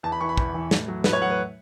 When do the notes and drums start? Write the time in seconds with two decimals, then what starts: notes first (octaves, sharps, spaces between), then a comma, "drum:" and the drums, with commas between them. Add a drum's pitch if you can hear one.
0.03 E2 A5
0.12 B5
0.21 E3 C#6
0.29 B5
0.37 E2, drum: kick
0.54 E3
0.71 A2, drum: snare
0.88 F#3
1.04 A2 B4, drum: snare
1.13 C#5
1.22 F#3 F#5
1.30 B4